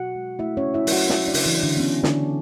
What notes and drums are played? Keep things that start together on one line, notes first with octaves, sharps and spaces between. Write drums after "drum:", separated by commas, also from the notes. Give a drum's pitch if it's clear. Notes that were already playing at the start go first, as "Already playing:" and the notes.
Already playing: B2 F#4 F#5
G#3
A3 E4 E5
C#4 C#5
C#3
E4 E5
F#3, drum: open hi-hat
F#4 F#5
A3 E4 E5, drum: snare
D4 D5
C#3, drum: open hi-hat
E3 E4
F#3
D3 D4
B3
D3 C#4
D3 D4, drum: snare